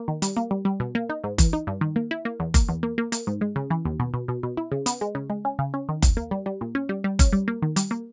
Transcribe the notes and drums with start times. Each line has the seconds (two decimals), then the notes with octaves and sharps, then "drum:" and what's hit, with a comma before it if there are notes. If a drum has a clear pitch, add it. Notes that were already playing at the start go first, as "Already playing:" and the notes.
Already playing: A#3
0.08 D#3
0.22 G3, drum: hi-hat
0.37 A#3
0.51 G3
0.65 G3
0.80 B2
0.95 A#3
1.10 D#4
1.24 G#2
1.38 E3, drum: kick F#1, hi-hat
1.53 D#4
1.67 G2
1.81 D#3
1.96 A#3
2.11 E4
2.25 A#3
2.40 E2
2.54 A#3, drum: kick F#1, hi-hat
2.69 E2
2.83 A#3
2.98 A#3
3.12 A#3, drum: hi-hat
3.27 G#2
3.41 G#3
3.56 C#3
3.70 E3
3.85 D#2
4.00 B2
4.14 B2
4.28 B2
4.43 B2
4.57 E4
4.71 C#3
4.86 B3, drum: hi-hat
5.01 G#3
5.15 C#3
5.30 G#3
5.45 C#4
5.59 C#3
5.74 C#4
5.89 D#3
6.02 D#2, drum: kick F#1, hi-hat
6.17 A#3
6.31 G3
6.46 G3
6.61 A#2
6.75 C#4
6.89 G3
7.04 G3
7.19 C#4, drum: kick F#1, hi-hat
7.33 G3
7.48 A#3
7.62 D#3
7.76 G3, drum: hi-hat
7.91 A#3